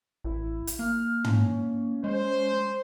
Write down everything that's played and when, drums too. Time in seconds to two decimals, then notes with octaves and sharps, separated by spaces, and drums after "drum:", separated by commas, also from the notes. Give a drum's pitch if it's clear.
0.24 A1 E4
0.67 drum: hi-hat
0.79 A#3 F6
1.24 C#4, drum: tom
2.04 G#3 C5